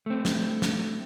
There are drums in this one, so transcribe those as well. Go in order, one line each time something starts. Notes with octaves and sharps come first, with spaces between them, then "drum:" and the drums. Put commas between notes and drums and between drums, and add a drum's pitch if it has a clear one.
A3 C4
drum: snare
drum: snare